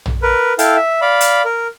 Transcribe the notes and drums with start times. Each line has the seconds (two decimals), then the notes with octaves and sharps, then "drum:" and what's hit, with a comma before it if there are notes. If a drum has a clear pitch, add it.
0.06 drum: tom
0.22 A#4 B4
0.59 E4 A4 F5 G5, drum: hi-hat
0.76 E5
1.01 D5 F5 B5
1.20 drum: hi-hat
1.45 A#4